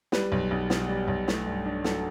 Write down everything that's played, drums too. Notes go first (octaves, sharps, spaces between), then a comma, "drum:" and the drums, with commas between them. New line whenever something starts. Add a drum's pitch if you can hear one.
G3 B4, drum: snare
B1
B1
B2, drum: snare
G3
B1
A3, drum: snare
G2
D4
F#3 A4, drum: snare